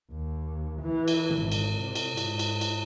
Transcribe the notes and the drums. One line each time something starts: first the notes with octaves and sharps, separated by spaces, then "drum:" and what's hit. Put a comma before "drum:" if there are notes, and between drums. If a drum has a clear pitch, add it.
D#2
E3
drum: cymbal
G#1
drum: cymbal
C3
drum: cymbal
G#2, drum: cymbal
drum: cymbal
drum: cymbal